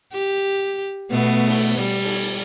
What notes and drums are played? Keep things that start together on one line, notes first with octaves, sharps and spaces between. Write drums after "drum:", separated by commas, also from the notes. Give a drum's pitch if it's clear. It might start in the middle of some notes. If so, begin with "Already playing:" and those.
G4
B2 A3 B3
drum: cymbal
G3, drum: hi-hat
drum: cymbal